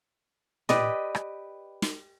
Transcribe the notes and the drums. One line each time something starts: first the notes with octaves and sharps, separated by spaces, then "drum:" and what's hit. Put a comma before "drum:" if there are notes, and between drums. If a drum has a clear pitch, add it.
G4 B4 D5 D#5, drum: tom A2
drum: rim click
drum: snare